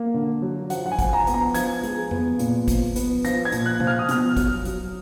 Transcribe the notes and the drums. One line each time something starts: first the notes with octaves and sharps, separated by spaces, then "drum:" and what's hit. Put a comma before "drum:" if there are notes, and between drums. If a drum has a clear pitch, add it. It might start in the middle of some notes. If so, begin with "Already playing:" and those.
Already playing: A#3
D3
F#3
F3 F#5, drum: hi-hat
F#5
G#5
F3, drum: kick, hi-hat
A#5
B3, drum: hi-hat
A#5
F3 G#6, drum: hi-hat
G#3, drum: hi-hat
B3, drum: tom F2
A#2, drum: hi-hat
F3, drum: kick, hi-hat
B3, drum: hi-hat
F3 A#6, drum: hi-hat
G#6
A#2, drum: hi-hat
F#6
F3, drum: tom C3
F6
D#6
B2 F6, drum: hi-hat
F#3, drum: kick, hi-hat
F#3, drum: hi-hat